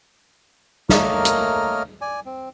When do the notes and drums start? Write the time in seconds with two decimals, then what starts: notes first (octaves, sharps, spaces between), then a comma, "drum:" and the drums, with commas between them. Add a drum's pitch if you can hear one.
0.89 A3 A#3 A#4 C#5 D#5 F6, drum: snare
1.25 drum: hi-hat
2.01 D5 G#5
2.26 C4